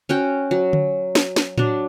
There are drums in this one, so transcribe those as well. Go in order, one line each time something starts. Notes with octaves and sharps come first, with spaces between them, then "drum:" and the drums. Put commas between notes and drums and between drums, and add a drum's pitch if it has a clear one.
C#4 F#4 G5
F#3
drum: tom D3
drum: snare
drum: snare
F#3 D4, drum: tom A2